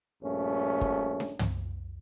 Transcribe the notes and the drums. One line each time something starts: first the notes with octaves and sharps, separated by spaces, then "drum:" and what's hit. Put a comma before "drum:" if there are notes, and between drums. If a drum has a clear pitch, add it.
A#1 G2 A3 C#4
drum: kick
drum: snare D4
drum: tom